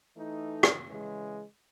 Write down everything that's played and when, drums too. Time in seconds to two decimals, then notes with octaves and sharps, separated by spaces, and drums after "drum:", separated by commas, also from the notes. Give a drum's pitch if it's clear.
0.16 E3 A3 D#4 A4
0.63 drum: rim click
0.87 C#3 E3 G#3